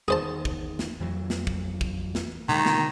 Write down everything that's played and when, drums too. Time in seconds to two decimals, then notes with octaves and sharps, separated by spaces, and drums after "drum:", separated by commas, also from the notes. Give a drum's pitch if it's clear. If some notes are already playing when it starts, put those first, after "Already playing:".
0.08 E2 D#3 G#4 C5 A5
0.45 drum: kick
0.79 drum: snare
1.00 F2 E3 F#3
1.30 drum: snare
1.47 drum: kick
1.81 drum: kick
2.15 drum: snare
2.49 B2 D3 D#3 G#3
2.66 drum: snare